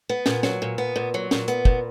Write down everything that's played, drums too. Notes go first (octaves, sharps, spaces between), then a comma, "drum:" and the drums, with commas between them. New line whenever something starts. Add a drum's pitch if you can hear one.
B3
A#2, drum: snare
F#3, drum: snare
A#2
B3
A#2
F#3
A#2, drum: snare
B3, drum: hi-hat
A#2, drum: kick